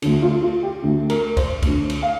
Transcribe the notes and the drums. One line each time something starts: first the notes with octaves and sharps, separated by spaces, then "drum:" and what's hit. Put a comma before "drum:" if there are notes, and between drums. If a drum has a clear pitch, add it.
D2 D3, drum: cymbal
F4
F4
G4
D2 D3
A#4, drum: cymbal
C5, drum: kick, cymbal
D2 D3, drum: kick, cymbal
drum: cymbal
F5